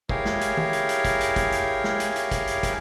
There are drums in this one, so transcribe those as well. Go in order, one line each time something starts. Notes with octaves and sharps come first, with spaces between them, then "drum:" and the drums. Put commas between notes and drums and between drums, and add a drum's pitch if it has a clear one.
E4 G4 G#4 A#4 C#5 F5, drum: kick
drum: snare
drum: hi-hat
drum: tom
drum: hi-hat
drum: hi-hat
drum: kick, hi-hat
drum: hi-hat
drum: kick, hi-hat
drum: hi-hat
drum: snare
drum: hi-hat
drum: hi-hat
drum: kick, hi-hat
drum: hi-hat
drum: kick, hi-hat